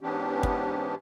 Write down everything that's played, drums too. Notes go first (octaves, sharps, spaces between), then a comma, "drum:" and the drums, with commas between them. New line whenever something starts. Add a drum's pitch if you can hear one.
G#2 E3 B3 C#4 D4 G4
drum: kick